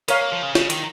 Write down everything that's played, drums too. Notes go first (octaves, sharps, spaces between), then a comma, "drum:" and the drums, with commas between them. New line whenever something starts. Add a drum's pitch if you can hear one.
C#4 A#4 C#5 F5, drum: hi-hat
A#3
F3
C#3
C#3, drum: snare
D#3, drum: hi-hat